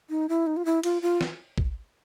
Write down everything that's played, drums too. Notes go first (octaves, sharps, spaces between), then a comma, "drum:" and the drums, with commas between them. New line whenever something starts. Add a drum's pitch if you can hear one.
D#4
E4
D#4
F4
E4
F4, drum: cymbal
F4
drum: snare
drum: kick